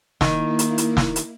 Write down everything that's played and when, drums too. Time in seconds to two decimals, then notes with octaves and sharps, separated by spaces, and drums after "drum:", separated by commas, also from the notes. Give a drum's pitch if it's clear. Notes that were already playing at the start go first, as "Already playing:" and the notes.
0.21 D#3 A#3 E4, drum: snare
0.59 drum: hi-hat
0.78 drum: hi-hat
0.97 drum: snare
1.16 drum: hi-hat